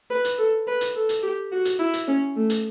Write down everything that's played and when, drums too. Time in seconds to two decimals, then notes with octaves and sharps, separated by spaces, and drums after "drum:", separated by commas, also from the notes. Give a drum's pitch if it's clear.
0.10 B4
0.25 drum: hi-hat
0.38 A4
0.67 B4
0.81 drum: hi-hat
0.95 A4
1.09 drum: hi-hat
1.23 G4
1.52 F#4
1.65 drum: hi-hat
1.79 E4
1.93 drum: hi-hat
2.08 C#4
2.36 A3
2.50 drum: hi-hat